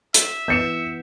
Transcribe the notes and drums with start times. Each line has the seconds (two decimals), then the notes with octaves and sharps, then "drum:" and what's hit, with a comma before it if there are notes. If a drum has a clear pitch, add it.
0.14 E5, drum: hi-hat
0.48 E3 B3 G6 C#7 E7